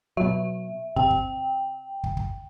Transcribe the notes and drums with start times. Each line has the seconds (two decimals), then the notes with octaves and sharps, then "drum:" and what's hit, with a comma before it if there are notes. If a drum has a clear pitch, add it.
0.17 B2 F#3 E5
0.96 C3 G5, drum: kick
1.10 drum: kick
2.04 drum: kick
2.17 drum: kick